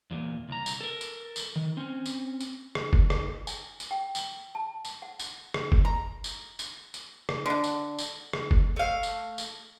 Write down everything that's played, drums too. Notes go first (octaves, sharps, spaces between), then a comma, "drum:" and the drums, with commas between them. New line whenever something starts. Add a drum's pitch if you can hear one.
E2 A#2
C2 A#5
drum: tambourine
A4 A#4
drum: tambourine
drum: tambourine
D#3
C4 C#4
drum: tambourine
drum: tambourine
drum: rim click
drum: kick F#1
drum: rim click
G#5, drum: tambourine
drum: tambourine
G5
drum: tambourine
A5
drum: tambourine
F#5
drum: tambourine
drum: rim click
drum: kick F#1
A#5
drum: tambourine
drum: tambourine
drum: tambourine
drum: rim click
D3 D4
drum: tambourine
drum: tambourine
drum: rim click
drum: kick F#1
A3 F5
drum: tambourine
drum: tambourine